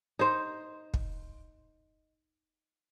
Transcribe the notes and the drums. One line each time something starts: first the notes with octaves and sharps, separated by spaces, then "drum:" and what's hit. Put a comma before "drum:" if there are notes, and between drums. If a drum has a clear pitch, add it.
D#4 C5
drum: kick